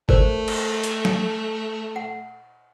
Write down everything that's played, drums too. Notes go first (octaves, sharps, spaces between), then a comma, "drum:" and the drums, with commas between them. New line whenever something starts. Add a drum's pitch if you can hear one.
A3 A#4 C5 D5, drum: kick
drum: cymbal
drum: hi-hat
drum: snare
F#5